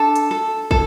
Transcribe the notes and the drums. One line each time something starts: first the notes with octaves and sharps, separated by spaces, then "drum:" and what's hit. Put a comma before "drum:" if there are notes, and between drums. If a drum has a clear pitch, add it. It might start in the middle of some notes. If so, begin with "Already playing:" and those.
Already playing: D4 A4 A5
drum: hi-hat
A4
A4, drum: kick